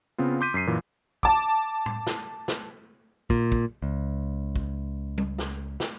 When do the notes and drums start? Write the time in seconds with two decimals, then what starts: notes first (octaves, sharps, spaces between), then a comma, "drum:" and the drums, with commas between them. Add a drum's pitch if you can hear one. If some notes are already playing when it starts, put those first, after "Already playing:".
0.18 C#3 B3 C4 F4
0.41 C6 D6 G6 B6 D#7
0.54 F#2 B6 C7 D#7
0.67 F#2 A#2 E3
1.23 A5 D6, drum: kick
1.86 drum: tom
2.07 drum: snare
2.48 drum: snare
3.30 A#2, drum: kick
3.52 drum: kick
3.82 C#2
4.56 drum: kick
5.18 drum: tom
5.38 drum: snare
5.80 drum: snare